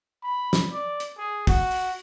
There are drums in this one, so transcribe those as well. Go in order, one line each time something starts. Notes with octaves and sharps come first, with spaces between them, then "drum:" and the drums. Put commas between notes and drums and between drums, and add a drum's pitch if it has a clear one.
B5
drum: snare
D5
drum: hi-hat
G#4
F#4, drum: kick, open hi-hat
drum: open hi-hat